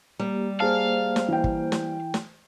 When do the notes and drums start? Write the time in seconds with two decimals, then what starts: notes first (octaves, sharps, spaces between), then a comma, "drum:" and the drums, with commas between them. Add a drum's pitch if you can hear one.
0.19 G3 A#3 G4
0.60 A#3 G#4 C5 F5 A5
1.16 drum: snare
1.28 E3 G5
1.44 drum: kick
1.72 drum: snare
2.14 drum: snare